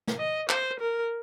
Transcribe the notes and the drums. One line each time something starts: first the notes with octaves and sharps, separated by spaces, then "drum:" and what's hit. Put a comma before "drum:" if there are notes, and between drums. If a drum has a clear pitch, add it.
drum: snare
D#5
C5, drum: clap
A#4